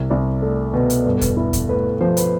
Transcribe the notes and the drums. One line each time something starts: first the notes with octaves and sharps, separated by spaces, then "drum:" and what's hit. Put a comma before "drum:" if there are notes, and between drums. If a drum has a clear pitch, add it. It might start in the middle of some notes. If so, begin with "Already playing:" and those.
Already playing: C2
C2 D5
A3 A4
B2
drum: hi-hat
G2
drum: kick E2, hi-hat
E4
drum: kick E2, hi-hat
A3 B4
F3 C5
B4, drum: hi-hat